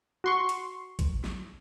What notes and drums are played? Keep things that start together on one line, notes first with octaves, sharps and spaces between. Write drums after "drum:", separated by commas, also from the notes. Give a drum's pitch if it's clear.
F#4 C6 C#6
drum: hi-hat
drum: kick A1, hi-hat
drum: snare